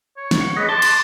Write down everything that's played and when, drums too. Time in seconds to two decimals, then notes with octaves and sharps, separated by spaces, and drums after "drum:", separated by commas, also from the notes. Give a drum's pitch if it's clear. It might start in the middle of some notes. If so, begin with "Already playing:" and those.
0.17 C#5
0.31 drum: snare
0.41 F#5
0.57 G#4 B4 D#5
0.69 A5 C6 D6
0.82 drum: cymbal